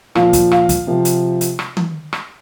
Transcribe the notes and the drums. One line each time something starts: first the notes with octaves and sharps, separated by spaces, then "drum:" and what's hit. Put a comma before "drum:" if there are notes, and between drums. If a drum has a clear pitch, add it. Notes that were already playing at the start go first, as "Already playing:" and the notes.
A#2 F3 F5, drum: rim click
drum: kick, hi-hat
F5, drum: rim click
drum: kick, hi-hat
C3 F3
drum: hi-hat
drum: hi-hat
drum: rim click
drum: tom D#3
drum: rim click